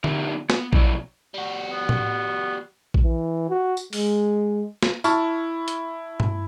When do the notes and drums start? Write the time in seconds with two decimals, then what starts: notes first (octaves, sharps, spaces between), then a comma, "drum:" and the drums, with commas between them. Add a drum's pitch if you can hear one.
0.04 B3 D4 D#4 G4 A#4 E5, drum: tom D3
0.50 B3, drum: snare
0.73 B2 F3 E4 F#4 C#5 D5, drum: kick A#1
1.34 G3 F#4
1.72 B3
1.89 drum: tom A2
2.94 drum: kick A#1
3.03 E3
3.50 F#4
3.77 drum: tambourine
3.93 G#3, drum: open hi-hat
4.83 drum: snare
5.04 E4 A5 C#6 F6, drum: tambourine
5.68 drum: hi-hat
6.20 drum: tom G2